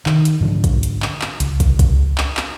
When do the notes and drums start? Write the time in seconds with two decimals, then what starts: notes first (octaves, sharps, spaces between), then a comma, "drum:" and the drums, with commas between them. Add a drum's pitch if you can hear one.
0.06 D#3, drum: clap
0.25 drum: hi-hat
0.41 G#2 D3 F3
0.64 drum: kick, hi-hat
0.83 drum: hi-hat
1.02 drum: clap
1.22 drum: clap
1.40 C#2, drum: hi-hat
1.60 drum: kick, hi-hat
1.79 drum: kick, hi-hat
2.18 drum: clap
2.37 drum: clap